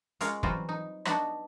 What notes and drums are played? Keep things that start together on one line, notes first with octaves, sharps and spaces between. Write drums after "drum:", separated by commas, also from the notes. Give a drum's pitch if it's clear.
G#3 C#4 F4 A#4 C#5 F5, drum: hi-hat
E3 F#3 G3 C4 F4 F#4, drum: kick
D#4
B3 D4 D#4 F#4 D#5 E5, drum: rim click